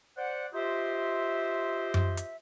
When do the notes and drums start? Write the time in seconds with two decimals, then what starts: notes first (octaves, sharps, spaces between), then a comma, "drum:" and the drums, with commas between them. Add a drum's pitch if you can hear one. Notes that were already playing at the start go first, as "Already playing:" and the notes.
0.17 C5 D5 F#5
0.54 F4 G4 C5 D#5 E5
1.94 drum: tom F#2
2.17 drum: hi-hat